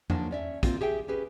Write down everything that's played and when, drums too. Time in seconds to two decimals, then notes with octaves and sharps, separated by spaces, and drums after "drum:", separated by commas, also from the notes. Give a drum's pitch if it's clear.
0.10 F3 F#3 A#3 D4 D#4, drum: tom E2
0.31 C#4 D5 E5
0.63 A#3 C4 F4, drum: kick, hi-hat
0.81 G4 G#4 E5 G5
1.08 C#4 G4 G#4 B4